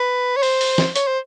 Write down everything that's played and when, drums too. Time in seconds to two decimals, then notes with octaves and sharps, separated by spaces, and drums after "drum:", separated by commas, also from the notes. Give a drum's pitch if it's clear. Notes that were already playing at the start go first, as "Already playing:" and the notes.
Already playing: B4
0.37 C#5
0.43 C5, drum: open hi-hat
0.61 drum: open hi-hat
0.78 drum: snare
0.96 C#5, drum: hi-hat
1.07 C5